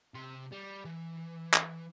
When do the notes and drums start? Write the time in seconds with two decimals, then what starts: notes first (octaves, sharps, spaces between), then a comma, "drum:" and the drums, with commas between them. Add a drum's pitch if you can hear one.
0.14 C3 C6
0.52 G3
0.85 E3
1.54 drum: clap